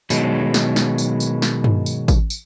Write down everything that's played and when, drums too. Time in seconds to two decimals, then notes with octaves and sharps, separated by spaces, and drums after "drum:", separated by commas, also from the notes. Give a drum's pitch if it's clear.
0.10 B2 D#3 F#3 G#3, drum: tambourine
0.54 drum: snare
0.76 drum: snare
0.98 drum: tambourine
1.20 drum: tambourine
1.42 drum: snare
1.64 drum: tom G2
1.86 drum: tambourine
2.08 drum: kick A1, tambourine
2.30 drum: tambourine